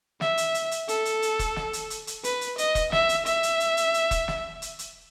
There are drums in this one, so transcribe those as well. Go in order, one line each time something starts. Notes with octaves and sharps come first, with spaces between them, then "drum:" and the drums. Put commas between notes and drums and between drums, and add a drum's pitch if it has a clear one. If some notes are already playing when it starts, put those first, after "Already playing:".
E5, drum: snare
drum: hi-hat
drum: hi-hat
drum: hi-hat
A4, drum: hi-hat
drum: hi-hat
drum: hi-hat
drum: kick E1, hi-hat
drum: snare
drum: hi-hat
drum: hi-hat
drum: hi-hat
B4, drum: hi-hat
drum: hi-hat
D#5, drum: hi-hat
drum: kick E1, hi-hat
E5, drum: snare
drum: hi-hat
E5, drum: hi-hat
drum: hi-hat
drum: hi-hat
drum: hi-hat
drum: hi-hat
drum: kick E1, hi-hat
drum: snare
drum: hi-hat
drum: hi-hat